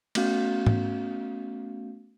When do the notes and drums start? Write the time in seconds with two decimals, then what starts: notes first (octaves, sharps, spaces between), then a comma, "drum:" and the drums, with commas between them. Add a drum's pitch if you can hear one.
0.15 A3 B3 C#4 F#4 F5 G6, drum: cymbal
0.66 drum: tom G#2